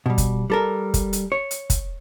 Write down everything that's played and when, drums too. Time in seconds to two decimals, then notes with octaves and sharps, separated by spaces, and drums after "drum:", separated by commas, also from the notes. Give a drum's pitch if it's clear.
0.06 B2 G3
0.18 drum: kick, hi-hat
0.50 G3 A4 A#4
0.94 drum: kick, hi-hat
1.13 drum: hi-hat
1.32 C#5
1.51 drum: hi-hat
1.70 drum: kick, hi-hat